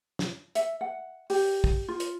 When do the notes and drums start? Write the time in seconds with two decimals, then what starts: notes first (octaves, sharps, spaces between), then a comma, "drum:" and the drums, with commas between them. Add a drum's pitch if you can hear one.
0.19 drum: snare
0.55 E5, drum: hi-hat
0.81 F#5
1.30 G4, drum: open hi-hat
1.64 drum: kick
1.88 F4
2.00 drum: hi-hat